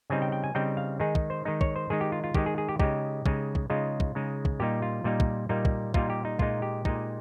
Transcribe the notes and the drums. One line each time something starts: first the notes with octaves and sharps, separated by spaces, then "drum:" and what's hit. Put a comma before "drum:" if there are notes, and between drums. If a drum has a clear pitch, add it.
C#3 G3 C4 D#4 G#5
G5
G5
G#5
C#3 G3 C4 D#4 G5
F5
D#3 G#3 D#4 G#4
drum: kick
C5
D#3 G#3 D#4
C#5, drum: kick
C5
D#3 G#3 D#4 G#4
G4
F4
F4
D#3 G#3 D#4 G4, drum: kick
G#4
G#4
G4
C#3 G#3 D#4 G4, drum: kick
C#3 G#3 D#4, drum: kick
drum: kick
C#3 G#3 D#4 F4
drum: kick
C#3 G#3 D#4
drum: kick
A#2 G3 A#3 D#4 G4
F4
A#2 G3 A#3 D#4
drum: kick
A#2 G3 A#3 D#4
drum: kick
A#2 G3 A#3 D#4 F4, drum: kick
G4
D#4
A#2 G#3 D#4 F4, drum: kick
G4
A#2 G#3 D#4, drum: kick